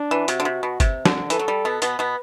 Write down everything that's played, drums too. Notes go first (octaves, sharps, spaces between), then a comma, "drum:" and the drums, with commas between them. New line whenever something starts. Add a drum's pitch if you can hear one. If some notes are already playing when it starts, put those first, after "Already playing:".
Already playing: D4
E3
C3 F#4, drum: hi-hat
D3
C3
B2
C3, drum: kick G1, hi-hat
D3, drum: snare
E3 A4, drum: hi-hat
F#3
G3
B2 B3
B2 B3 B4, drum: hi-hat
B2 B3